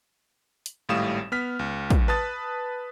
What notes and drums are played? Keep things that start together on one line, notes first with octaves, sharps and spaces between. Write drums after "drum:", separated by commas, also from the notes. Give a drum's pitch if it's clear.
drum: hi-hat
G#1 A2 G3 F5 D#6 E7
B3 F6 B6
C#2
drum: kick, hi-hat
B4 A5 D#6 A6